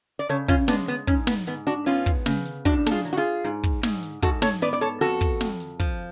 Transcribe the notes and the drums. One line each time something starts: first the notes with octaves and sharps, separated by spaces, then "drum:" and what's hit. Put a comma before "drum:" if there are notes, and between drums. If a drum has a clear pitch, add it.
D5
C#3 A4 C#5, drum: hi-hat
C#4 F4, drum: kick, hi-hat
G#3 B3 D4, drum: snare
B3, drum: hi-hat
G#2 C#4, drum: kick, hi-hat
B3, drum: snare
G#2 B3, drum: hi-hat
D4 F#4, drum: hi-hat
B3 C#4 F4, drum: hi-hat
drum: kick, hi-hat
C#3, drum: snare
drum: hi-hat
A2 D4 F#4, drum: kick, hi-hat
A4, drum: snare
F4 G#4
F#3, drum: hi-hat
F#4
F4 G#4
G#2, drum: hi-hat
drum: kick, hi-hat
G#2, drum: snare
drum: hi-hat
G#2 F#4 A4, drum: kick, hi-hat
A4 C#5, drum: snare
B3 B4 D5, drum: hi-hat
D5
A4 C#5, drum: hi-hat
F2 F#4 A4, drum: hi-hat
drum: kick, hi-hat
F2, drum: snare
drum: hi-hat
F3, drum: kick, hi-hat